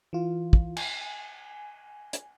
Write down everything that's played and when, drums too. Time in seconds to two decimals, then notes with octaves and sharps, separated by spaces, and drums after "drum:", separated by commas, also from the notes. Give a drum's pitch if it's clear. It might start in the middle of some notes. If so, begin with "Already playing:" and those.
0.13 E3 F4
0.53 drum: kick
0.77 G#5, drum: cymbal
2.13 drum: hi-hat